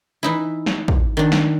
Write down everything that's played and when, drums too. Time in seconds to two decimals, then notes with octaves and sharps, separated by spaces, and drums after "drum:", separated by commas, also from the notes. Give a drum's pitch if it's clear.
0.23 E3 D#4 E4
0.66 drum: snare
0.88 drum: kick
1.17 D#3 D4
1.32 drum: snare